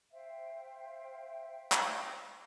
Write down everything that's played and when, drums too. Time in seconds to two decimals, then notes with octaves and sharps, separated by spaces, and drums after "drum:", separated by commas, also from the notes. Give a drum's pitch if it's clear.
0.11 C5 E5 F5 G5
1.72 drum: clap